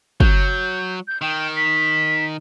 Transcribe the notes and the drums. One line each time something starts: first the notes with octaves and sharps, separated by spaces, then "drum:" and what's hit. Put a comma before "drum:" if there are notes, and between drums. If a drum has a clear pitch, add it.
F#3 G6, drum: kick
G6
D#3 G5
B6